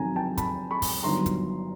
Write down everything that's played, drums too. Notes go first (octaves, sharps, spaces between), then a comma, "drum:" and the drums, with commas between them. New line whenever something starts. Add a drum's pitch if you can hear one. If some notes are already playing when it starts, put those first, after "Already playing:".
Already playing: F2 C3 D#3 F#3 G#5 A#5
G5 A5
A5 B5, drum: kick, hi-hat
B5 C#6
drum: kick, open hi-hat
G1 G2 D#3 F#3 A#5 C6
drum: kick, hi-hat